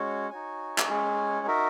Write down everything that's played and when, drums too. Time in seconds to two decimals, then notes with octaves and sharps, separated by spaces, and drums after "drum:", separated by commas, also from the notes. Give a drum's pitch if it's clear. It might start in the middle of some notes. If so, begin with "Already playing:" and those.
Already playing: G#3 C#4 F#4 C#5
0.30 D#4 F#4 C#5 G#5
0.78 drum: clap
0.88 G#3 C#4 G#4 C#5
1.47 D#4 F#4 A#4 E5